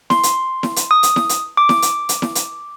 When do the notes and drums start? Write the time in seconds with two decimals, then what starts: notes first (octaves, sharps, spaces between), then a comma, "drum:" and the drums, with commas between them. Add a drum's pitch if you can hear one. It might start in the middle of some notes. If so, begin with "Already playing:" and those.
0.10 C6, drum: snare E4
0.23 drum: hi-hat
0.63 drum: snare E4
0.76 drum: hi-hat
0.91 D#6
1.03 drum: hi-hat
1.16 drum: snare E4
1.29 drum: hi-hat
1.57 D6
1.69 drum: snare E4
1.82 drum: hi-hat
2.09 drum: hi-hat
2.22 drum: snare E4
2.35 drum: hi-hat